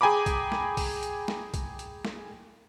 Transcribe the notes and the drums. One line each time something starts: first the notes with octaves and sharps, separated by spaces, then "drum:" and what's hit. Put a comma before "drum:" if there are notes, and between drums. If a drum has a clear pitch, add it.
G#4 G5 G#5 A#5 B5 D6
drum: kick B1, hi-hat
drum: snare
drum: kick B1, open hi-hat
drum: hi-hat
drum: snare
drum: kick B1, hi-hat
drum: hi-hat
drum: snare